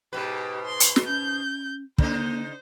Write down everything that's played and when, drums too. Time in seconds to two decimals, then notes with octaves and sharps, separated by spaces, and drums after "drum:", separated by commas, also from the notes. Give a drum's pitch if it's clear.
0.13 G#2 B2 G4 B4
0.66 C6
0.80 drum: hi-hat
0.96 drum: snare
1.07 C#4 G6
1.98 C#3 A#3 D#4 C5, drum: kick